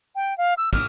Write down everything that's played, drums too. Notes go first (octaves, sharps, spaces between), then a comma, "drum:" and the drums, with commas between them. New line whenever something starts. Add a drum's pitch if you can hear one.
G5
F5
E6
F6, drum: kick, cymbal